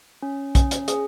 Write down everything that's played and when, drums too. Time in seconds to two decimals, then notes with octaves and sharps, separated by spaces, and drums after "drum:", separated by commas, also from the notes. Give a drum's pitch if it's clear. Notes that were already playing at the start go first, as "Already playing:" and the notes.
0.22 C#4
0.55 C#4, drum: kick B1, hi-hat
0.71 drum: hi-hat
0.88 G#4, drum: hi-hat